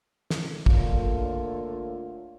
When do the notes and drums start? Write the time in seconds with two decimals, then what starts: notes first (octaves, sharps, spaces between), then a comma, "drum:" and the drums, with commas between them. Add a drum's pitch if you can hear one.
0.30 drum: snare
0.66 D3 A3 A#3 F4 C#5, drum: kick